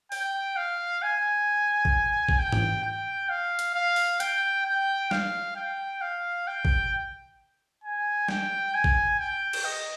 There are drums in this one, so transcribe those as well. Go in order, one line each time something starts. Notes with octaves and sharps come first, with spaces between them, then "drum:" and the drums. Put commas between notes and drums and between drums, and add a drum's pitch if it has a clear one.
G5, drum: open hi-hat
F5
G#5
drum: kick
drum: kick
G5
drum: tom G#2
G5
F5
drum: hi-hat
F5
drum: open hi-hat
G5, drum: hi-hat
G5
F5, drum: snare
G5
F5
G5
drum: kick
G#5
G5, drum: snare
G#5
drum: kick
G5
drum: cymbal
D#5